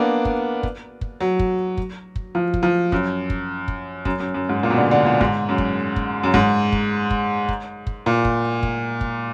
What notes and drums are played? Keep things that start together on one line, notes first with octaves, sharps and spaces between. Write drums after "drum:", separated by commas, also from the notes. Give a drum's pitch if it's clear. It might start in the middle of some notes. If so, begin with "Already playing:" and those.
Already playing: A#3 B3 D4
drum: kick
drum: kick
drum: kick
F#3
drum: kick
drum: kick
drum: kick
F3
drum: kick
F3
F#2, drum: kick
drum: kick
drum: kick
F#2, drum: kick
F#2
F#2
G#2
A#2
B2
D3
D3
A#2
G#2, drum: kick
F#2
drum: kick
drum: kick
F#2
G#2, drum: kick
drum: kick
drum: kick
drum: kick
drum: kick
A#2
drum: kick
drum: kick
drum: kick